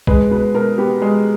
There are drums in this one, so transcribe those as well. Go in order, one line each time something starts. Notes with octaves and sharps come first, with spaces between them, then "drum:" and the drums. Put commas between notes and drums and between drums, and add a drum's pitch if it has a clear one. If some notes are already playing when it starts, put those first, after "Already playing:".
G#3 B4, drum: kick B1
B2 B4
B2 A#4
B3 G4
G#3